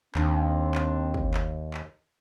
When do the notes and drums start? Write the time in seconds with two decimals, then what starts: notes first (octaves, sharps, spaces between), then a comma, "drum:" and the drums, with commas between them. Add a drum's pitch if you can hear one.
0.15 D#2 C4 D4, drum: clap
0.75 drum: clap
1.14 drum: kick
1.34 drum: clap
1.74 drum: clap